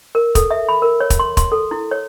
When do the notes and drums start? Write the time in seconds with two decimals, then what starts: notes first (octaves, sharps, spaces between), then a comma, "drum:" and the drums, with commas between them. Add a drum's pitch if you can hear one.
0.15 A#4
0.35 A4, drum: kick, hi-hat
0.51 E5
0.69 B5
0.82 A#4
1.00 C#5
1.10 drum: kick, hi-hat
1.19 C6
1.37 C6, drum: kick, hi-hat
1.52 A4
1.71 E4
1.91 C#5